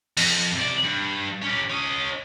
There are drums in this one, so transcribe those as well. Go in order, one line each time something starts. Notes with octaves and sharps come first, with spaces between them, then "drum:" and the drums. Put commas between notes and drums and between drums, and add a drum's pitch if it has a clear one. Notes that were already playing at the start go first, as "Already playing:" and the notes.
F2, drum: open hi-hat
C3 D5
G2
C#4 G4
C#4 D#5